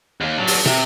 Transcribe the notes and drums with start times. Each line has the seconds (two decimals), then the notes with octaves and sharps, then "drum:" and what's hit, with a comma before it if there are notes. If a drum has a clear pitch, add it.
0.21 D#2
0.38 F#3 D4
0.47 drum: open hi-hat
0.66 C3, drum: tom